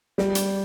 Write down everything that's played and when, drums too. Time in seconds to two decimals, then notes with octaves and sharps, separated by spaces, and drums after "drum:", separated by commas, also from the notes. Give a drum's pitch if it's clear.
0.18 G3, drum: snare
0.35 drum: hi-hat